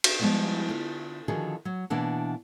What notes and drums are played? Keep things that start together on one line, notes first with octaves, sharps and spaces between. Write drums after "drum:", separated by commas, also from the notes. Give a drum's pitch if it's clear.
drum: cymbal
F3 G3 G#3 B3 E4 F#4
D3 F4
D3 D#3 F3 F#4 G#4
F#3
B2 E3 A#3 D4 F#5